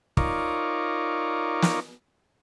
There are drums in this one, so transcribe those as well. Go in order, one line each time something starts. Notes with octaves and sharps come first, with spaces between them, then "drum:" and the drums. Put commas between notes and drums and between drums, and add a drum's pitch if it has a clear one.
D#4 F4 A#4 C#5 D5, drum: kick
drum: snare